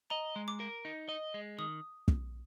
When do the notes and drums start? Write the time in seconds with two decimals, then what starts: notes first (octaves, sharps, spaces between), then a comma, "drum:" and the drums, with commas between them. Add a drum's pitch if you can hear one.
0.10 D#5 A#5
0.36 G#3
0.48 D6
0.60 A#4
0.85 D#4
1.09 D#5
1.34 G#3
1.58 D#3 D#6
2.08 drum: kick